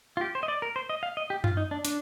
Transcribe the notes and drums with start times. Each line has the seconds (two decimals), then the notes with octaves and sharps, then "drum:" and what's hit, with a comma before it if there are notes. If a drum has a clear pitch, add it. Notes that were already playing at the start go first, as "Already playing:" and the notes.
0.17 F4
0.21 G4
0.35 C5
0.43 D#5
0.48 D5
0.62 A#4
0.76 C5
0.89 D#5
1.03 F5
1.17 D#5
1.30 G4
1.44 F4, drum: tom F#2
1.57 D#4
1.71 D4
1.85 D4, drum: hi-hat